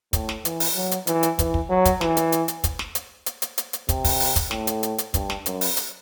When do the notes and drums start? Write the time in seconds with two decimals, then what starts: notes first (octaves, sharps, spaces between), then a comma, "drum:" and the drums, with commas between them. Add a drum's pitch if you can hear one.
0.13 A2, drum: kick, hi-hat
0.29 drum: snare
0.45 E3, drum: hi-hat
0.60 drum: open hi-hat
0.76 F#3
0.91 drum: hi-hat
1.07 E3, drum: hi-hat
1.23 drum: hi-hat
1.39 E3, drum: kick, hi-hat
1.54 drum: kick
1.70 F#3
1.85 drum: kick, hi-hat
2.01 E3, drum: snare
2.17 drum: hi-hat
2.32 drum: hi-hat
2.48 drum: hi-hat
2.64 drum: kick, hi-hat
2.79 drum: snare
2.95 drum: hi-hat
3.26 drum: hi-hat
3.42 drum: hi-hat
3.58 drum: hi-hat
3.73 drum: hi-hat
3.89 C3, drum: kick, hi-hat
4.04 drum: kick, open hi-hat
4.20 drum: open hi-hat
4.36 drum: kick, hi-hat
4.51 A2, drum: snare
4.67 drum: hi-hat
4.83 drum: hi-hat
4.98 drum: hi-hat
5.14 G2, drum: kick, hi-hat
5.30 drum: snare
5.46 F#2, drum: hi-hat
5.61 drum: open hi-hat
5.77 drum: hi-hat